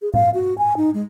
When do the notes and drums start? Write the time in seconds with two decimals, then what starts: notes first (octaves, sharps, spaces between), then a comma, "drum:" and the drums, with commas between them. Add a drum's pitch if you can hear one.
0.02 G#4
0.14 F5, drum: tom A2
0.34 F#4
0.58 G#5
0.77 D#4
0.94 G#3